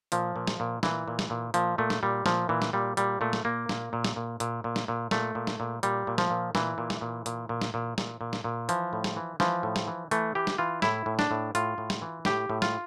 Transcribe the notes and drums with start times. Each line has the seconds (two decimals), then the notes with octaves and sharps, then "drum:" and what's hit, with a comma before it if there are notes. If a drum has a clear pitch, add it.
0.12 A#2 F3, drum: hi-hat
0.36 A#2
0.47 drum: snare
0.60 A#2
0.83 A#2 E3, drum: snare
1.08 A#2
1.19 drum: snare
1.30 A#2
1.54 A#2 F3, drum: hi-hat
1.78 A#2 A3
1.90 drum: snare
2.03 A#2 G3
2.26 A#2 F3, drum: snare
2.49 A#2 E3
2.62 drum: snare
2.73 A#2 G3
2.97 A#2 G3, drum: hi-hat
3.21 A#2 A3
3.33 drum: snare
3.45 A#2 A#3
3.69 A#2, drum: snare
3.93 A#2
4.04 drum: snare
4.16 A#2
4.40 A#2, drum: hi-hat
4.64 A#2
4.76 drum: snare
4.88 A#2
5.11 A#2 A3, drum: snare
5.35 A#2
5.47 drum: snare
5.60 A#2
5.83 A#2 G3, drum: hi-hat
6.07 A#2
6.18 F3, drum: snare
6.30 A#2
6.55 A#2 E3, drum: snare
6.78 A#2
6.90 drum: snare
7.01 A#2
7.26 A#2, drum: hi-hat
7.49 A#2
7.62 drum: snare
7.74 A#2
7.98 A#2, drum: snare
8.21 A#2
8.33 drum: snare
8.44 A#2
8.69 E3 F3, drum: hi-hat
8.93 A2
9.04 drum: snare
9.16 E3
9.40 E3 F3, drum: snare
9.63 A2
9.76 drum: snare
9.87 E3
10.11 E3 A3, drum: hi-hat
10.35 E3 G4
10.47 drum: snare
10.58 E3 F4
10.82 A2 E4, drum: snare
11.06 A2
11.19 D4, drum: snare
11.31 A2
11.55 A2 F4, drum: hi-hat
11.78 A2
11.90 drum: snare
12.02 E3
12.25 A2 G4, drum: snare
12.50 A2
12.62 F4, drum: snare